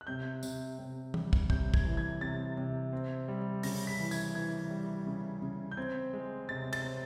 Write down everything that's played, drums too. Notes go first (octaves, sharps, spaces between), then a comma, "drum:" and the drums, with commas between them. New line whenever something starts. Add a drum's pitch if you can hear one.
F#6
C3 G6
C3, drum: tambourine
C3
G3, drum: tom
drum: kick
C3 G6, drum: kick
G#6, drum: kick
E3
G#6
C3 A6
C3
C4
G3
C#3 A#6, drum: open hi-hat
B6
E3
G#6, drum: tambourine
E3 G#6
G3
C#3
C#3
G6
C4 G#6
G#3
C3 A6
A6, drum: cymbal
C4